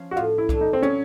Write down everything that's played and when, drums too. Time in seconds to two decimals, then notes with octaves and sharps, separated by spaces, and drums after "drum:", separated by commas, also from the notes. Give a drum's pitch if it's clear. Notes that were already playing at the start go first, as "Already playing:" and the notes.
Already playing: F3 C#4
0.11 F#4
0.16 A2 F4
0.38 E4
0.49 E3 A3 D4, drum: kick C2
0.61 D#4
0.73 C4
0.82 F#3 C#4